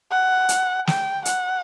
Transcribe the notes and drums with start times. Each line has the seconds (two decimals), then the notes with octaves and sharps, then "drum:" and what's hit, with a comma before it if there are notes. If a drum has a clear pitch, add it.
0.11 F#5
0.49 drum: hi-hat
0.87 G5, drum: snare
1.25 F#5, drum: hi-hat